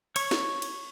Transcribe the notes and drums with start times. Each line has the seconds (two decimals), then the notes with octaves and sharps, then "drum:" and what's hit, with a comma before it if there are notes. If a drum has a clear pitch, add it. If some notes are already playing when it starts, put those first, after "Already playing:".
0.16 C#5 C#6, drum: cymbal
0.31 drum: snare
0.62 drum: cymbal